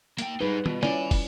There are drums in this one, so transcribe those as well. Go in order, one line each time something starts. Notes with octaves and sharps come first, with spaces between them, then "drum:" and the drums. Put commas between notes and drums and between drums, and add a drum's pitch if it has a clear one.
A#3 G5, drum: hi-hat
G3 D#4 G#4 B4
B2 F4, drum: tom
C#4 E4 D5 G#5 B5, drum: snare
drum: kick, open hi-hat